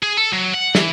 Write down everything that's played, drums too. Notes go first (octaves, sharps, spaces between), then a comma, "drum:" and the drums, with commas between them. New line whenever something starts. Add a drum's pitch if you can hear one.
G#4
A4
F#3
F#5
E3, drum: snare